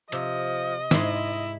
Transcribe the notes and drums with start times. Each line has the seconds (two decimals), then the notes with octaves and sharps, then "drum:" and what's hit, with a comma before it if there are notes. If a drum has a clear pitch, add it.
0.12 C3 F3 D#5, drum: hi-hat
0.91 G#2 G#3 E4 C6, drum: snare